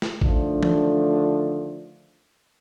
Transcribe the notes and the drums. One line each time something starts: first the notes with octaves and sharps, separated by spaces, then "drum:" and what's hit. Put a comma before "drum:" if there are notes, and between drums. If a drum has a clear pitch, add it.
drum: snare
D3 D#3 F3 A3 D4, drum: kick A1
drum: tom E3